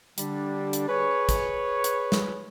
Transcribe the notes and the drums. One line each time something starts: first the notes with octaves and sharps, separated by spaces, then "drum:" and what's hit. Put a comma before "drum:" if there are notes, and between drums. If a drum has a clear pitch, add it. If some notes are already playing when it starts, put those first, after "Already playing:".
D3 G3 D4, drum: hi-hat
drum: hi-hat
G#4 B4 C#5
drum: kick, hi-hat
drum: hi-hat
drum: snare